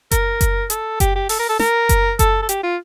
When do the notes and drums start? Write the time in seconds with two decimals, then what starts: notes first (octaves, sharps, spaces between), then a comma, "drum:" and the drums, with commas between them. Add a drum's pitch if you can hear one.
0.11 A#4, drum: kick F#1, hi-hat
0.41 drum: kick F#1, hi-hat
0.70 A4, drum: hi-hat
1.00 G4, drum: kick F#1, hi-hat
1.15 G4
1.29 A4, drum: open hi-hat
1.39 A#4
1.49 A4
1.59 A#4, drum: snare
1.89 drum: kick F#1, hi-hat
2.19 A4, drum: kick F#1, hi-hat
2.42 A4
2.49 G4, drum: hi-hat
2.63 F4